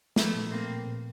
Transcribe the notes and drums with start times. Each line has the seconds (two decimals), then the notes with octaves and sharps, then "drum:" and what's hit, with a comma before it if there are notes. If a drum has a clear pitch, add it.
0.16 F3 A3 B3, drum: snare
0.34 A#2
0.51 A#2 A#3 C4
0.68 A#2
0.86 A#2